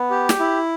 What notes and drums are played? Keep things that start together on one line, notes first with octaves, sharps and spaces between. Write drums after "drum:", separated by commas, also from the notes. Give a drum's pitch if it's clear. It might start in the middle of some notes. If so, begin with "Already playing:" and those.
Already playing: B3
G4
drum: snare
E4